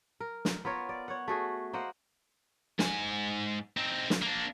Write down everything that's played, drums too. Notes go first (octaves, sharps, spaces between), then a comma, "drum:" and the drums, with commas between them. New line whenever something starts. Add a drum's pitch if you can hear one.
A#4
drum: snare
B3 F4 A#4 C#5
D5
C#5 F#5
A3 F#4 G#4
A#3 C5 D#5 F#5
G#2 G#5, drum: snare
C4 D#4
drum: snare
A#3 D4